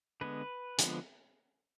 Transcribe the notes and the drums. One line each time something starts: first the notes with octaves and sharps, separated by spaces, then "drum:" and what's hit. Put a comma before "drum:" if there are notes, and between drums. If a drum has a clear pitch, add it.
D3 G#3 B3 B4
D3 F3 G#3 B3, drum: hi-hat